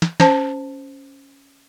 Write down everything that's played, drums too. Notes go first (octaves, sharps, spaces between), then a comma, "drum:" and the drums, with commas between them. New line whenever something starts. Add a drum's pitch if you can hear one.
drum: snare
C#4 C5 A5, drum: snare